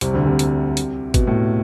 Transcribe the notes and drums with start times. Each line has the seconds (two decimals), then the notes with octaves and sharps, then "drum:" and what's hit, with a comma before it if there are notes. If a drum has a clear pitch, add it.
0.01 C2 C3, drum: hi-hat
0.14 D2 D3
0.26 C2 C3
0.39 drum: hi-hat
0.77 drum: hi-hat
1.14 B2, drum: kick, hi-hat
1.27 A2